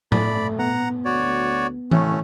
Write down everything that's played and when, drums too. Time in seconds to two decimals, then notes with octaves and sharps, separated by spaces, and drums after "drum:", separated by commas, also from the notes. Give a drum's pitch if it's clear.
0.12 A3 D5 B5, drum: tom A2
0.59 B3 F#5 A#5
1.05 D2 F#4 C#5 D5
1.91 A2 A3 C#4, drum: tom E3